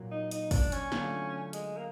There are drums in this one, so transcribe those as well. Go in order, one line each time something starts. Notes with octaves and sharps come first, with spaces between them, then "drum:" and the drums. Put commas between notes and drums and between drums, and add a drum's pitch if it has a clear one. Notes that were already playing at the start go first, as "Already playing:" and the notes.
Already playing: A#2 F#3 A#3
D#4
D#4, drum: hi-hat
D4, drum: kick, open hi-hat
C#4, drum: hi-hat
D3 F#3 A3 D4 F4, drum: snare
G#3, drum: hi-hat
A#3